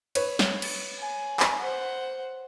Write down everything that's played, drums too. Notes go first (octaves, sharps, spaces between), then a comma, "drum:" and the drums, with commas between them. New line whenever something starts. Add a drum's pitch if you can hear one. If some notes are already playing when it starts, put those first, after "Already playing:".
B4 C#5, drum: cymbal
drum: snare
drum: cymbal
G#5
drum: clap
C5 F#5